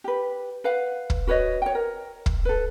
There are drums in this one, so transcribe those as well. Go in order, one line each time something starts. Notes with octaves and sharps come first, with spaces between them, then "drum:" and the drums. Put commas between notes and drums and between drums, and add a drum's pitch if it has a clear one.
G4 B4
B4 F5 F#5
drum: kick
F#4 B4 C#5 D#5
C#5 G5
A#4
drum: kick
A4 B4